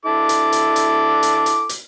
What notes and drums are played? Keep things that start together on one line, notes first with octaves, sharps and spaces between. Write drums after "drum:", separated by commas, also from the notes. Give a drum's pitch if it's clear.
E4 A4 D6
drum: hi-hat
drum: hi-hat
drum: hi-hat
drum: hi-hat
drum: hi-hat
drum: hi-hat